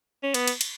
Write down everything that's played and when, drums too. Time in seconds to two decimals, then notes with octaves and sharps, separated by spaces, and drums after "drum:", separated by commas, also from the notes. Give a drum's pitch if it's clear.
0.23 C#4
0.34 B3, drum: cymbal
0.47 drum: cymbal
0.61 drum: cymbal